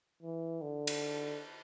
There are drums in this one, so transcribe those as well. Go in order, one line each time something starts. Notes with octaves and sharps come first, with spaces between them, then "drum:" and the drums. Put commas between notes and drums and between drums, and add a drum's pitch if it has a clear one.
E3
D3
drum: cymbal